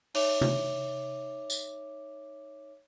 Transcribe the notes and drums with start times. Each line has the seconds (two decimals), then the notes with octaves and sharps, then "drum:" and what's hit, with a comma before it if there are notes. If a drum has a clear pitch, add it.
0.14 D#4 C#5 E5 D6 F7, drum: open hi-hat
0.41 drum: tom C3
1.50 drum: tambourine